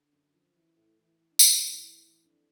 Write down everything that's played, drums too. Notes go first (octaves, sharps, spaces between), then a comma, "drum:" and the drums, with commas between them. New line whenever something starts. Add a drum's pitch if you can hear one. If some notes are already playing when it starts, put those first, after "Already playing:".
Already playing: D3
F#2
F3
E3
A2
E3
E3
D4
A2 C#4 D#4, drum: tambourine
E3
A2
E3
F2 D4